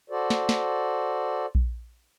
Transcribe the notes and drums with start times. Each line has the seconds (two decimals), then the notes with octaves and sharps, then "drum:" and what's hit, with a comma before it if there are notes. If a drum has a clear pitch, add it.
0.10 F#4 A4 C5 D5
0.30 drum: snare
0.49 drum: snare
1.55 drum: kick A#1